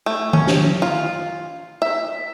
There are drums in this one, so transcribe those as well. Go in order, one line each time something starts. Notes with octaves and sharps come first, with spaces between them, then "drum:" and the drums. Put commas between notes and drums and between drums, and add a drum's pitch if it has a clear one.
A3
C#4, drum: tom D#3
drum: snare
F4
E5